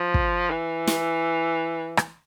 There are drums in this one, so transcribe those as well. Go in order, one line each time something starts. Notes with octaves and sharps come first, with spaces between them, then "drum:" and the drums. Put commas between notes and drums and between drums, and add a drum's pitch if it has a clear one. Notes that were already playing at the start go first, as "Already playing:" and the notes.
Already playing: F3
drum: kick
E3
drum: snare
drum: rim click